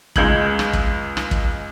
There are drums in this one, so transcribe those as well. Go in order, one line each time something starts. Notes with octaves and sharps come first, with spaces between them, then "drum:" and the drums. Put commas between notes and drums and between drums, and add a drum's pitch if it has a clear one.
C#2 G#3 G6 G#6 F#7, drum: kick
drum: rim click
drum: kick
drum: rim click
drum: kick